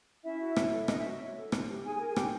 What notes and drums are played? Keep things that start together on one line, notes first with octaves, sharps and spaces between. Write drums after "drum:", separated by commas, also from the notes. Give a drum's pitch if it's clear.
C#4 E4 E5
F#4
C#5, drum: rim click
A4
C#4 D#4 D#5, drum: rim click
E4 E5
F#4
C#5
A4
D#4, drum: rim click
G4
D#4 G#4 G#5
G#4 G#5
A#4
G#4 G#5
D#4 G4 G5, drum: rim click